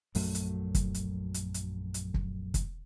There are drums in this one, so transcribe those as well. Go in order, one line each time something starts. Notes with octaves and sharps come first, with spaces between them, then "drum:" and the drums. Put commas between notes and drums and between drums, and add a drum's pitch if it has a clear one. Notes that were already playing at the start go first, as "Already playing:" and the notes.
A#1 F#2 F#3 A3, drum: open hi-hat
drum: hi-hat
drum: kick, hi-hat
drum: hi-hat
drum: hi-hat
drum: hi-hat
drum: hi-hat
drum: kick
drum: kick, hi-hat